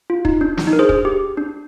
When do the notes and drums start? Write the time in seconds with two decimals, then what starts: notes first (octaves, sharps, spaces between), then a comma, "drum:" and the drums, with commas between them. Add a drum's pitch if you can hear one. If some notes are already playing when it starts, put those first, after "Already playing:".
0.10 F4
0.25 D#4, drum: kick
0.41 D4
0.58 D4, drum: snare
0.67 D#4
0.73 A#4
0.79 G#4 C5
0.89 G#4, drum: kick
1.05 G4
1.37 D4